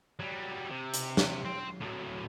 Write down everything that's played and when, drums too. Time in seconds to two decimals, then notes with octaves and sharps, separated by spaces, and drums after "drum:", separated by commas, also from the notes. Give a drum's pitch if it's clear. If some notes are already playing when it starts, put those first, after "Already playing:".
0.19 F#3 G3
0.70 C3
0.94 drum: hi-hat
1.17 drum: snare
1.45 G5 C6
1.81 A2 F#3